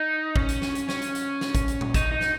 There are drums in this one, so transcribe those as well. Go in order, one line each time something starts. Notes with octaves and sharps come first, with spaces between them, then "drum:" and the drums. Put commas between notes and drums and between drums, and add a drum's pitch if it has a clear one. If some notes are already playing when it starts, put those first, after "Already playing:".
Already playing: D#4
C#4, drum: kick G#1
drum: hi-hat
drum: snare
drum: hi-hat
C#4, drum: snare
drum: hi-hat
drum: hi-hat
drum: snare
drum: kick G#1, hi-hat
drum: hi-hat
drum: tom A#2
D#4, drum: kick G#1, hi-hat
D#4
drum: snare